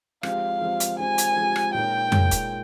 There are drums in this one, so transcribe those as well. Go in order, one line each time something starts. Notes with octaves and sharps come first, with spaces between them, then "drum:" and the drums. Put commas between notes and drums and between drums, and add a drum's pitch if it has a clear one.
F3 G#3 C4 G4 F5, drum: rim click
F3 G#3 C4 G4
drum: hi-hat
F3 G#3 C4 G4 G#5
drum: hi-hat
F3 G#3 C4 G4
drum: rim click
A#2 G#3 D#4 A#4 C#5 G5
A#2 G#3 D#4 A#4 C#5, drum: tom F2
drum: kick, hi-hat